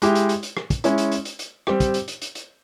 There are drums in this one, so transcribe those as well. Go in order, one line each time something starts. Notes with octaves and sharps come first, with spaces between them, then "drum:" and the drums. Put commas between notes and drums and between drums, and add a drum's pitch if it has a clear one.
G#3 E4 G4, drum: hi-hat
drum: hi-hat
drum: hi-hat
drum: hi-hat
drum: rim click
drum: kick, hi-hat
G#3 C#4 E4, drum: hi-hat
drum: hi-hat
drum: hi-hat
drum: hi-hat
drum: hi-hat
G3 C4 G4, drum: rim click
drum: kick, hi-hat
drum: hi-hat
drum: hi-hat
drum: hi-hat
drum: hi-hat